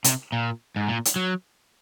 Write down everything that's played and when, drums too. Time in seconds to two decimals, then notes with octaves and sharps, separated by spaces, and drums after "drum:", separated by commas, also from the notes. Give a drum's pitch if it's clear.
0.04 C3, drum: hi-hat
0.32 A#2
0.76 G#2
0.88 A#2
1.05 drum: hi-hat
1.16 F#3